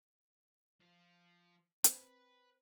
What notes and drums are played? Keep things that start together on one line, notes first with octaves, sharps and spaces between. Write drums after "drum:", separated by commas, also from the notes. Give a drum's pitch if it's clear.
F3 F4
C4 B4, drum: hi-hat